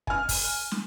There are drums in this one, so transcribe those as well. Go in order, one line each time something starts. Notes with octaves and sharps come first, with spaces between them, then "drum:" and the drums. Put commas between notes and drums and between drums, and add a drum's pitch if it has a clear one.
G#5 F6, drum: kick
drum: kick, open hi-hat
drum: snare